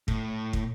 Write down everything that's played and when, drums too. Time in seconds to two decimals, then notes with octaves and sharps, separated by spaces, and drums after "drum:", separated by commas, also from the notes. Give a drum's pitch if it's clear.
0.08 A2, drum: kick
0.53 drum: kick